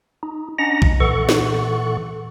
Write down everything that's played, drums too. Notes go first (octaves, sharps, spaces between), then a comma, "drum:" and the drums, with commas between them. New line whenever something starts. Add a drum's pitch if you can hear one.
D#4
C#4 D4 D#5 F#5 A#5 A#6
drum: kick B1
A#2 E3 A4 F#5 C#6
drum: snare